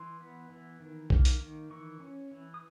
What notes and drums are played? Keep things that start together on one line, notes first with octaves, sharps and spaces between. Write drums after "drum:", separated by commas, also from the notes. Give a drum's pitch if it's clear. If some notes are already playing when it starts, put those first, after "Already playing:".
Already playing: E3 C6
B3
E3
D#3
A#3, drum: kick B1
drum: hi-hat
D#3
E3 C#6
C#4
E3
D#6